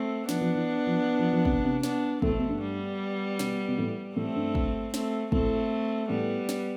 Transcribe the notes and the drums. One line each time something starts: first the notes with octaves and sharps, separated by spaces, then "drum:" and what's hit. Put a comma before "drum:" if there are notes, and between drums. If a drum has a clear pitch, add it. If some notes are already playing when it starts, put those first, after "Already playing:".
Already playing: A3 C4
F3 B3 D4, drum: snare
F3
E3
F3
F3
F3
C3, drum: kick
C3
B3 D4, drum: snare
A2 A3 C4, drum: kick
B2
G2
G3 B3
B2, drum: snare
B2
A2
A2 A3 C4
G2
drum: kick
A3 C4, drum: snare
A2 A3 C4, drum: kick
A2 G3 B3
drum: snare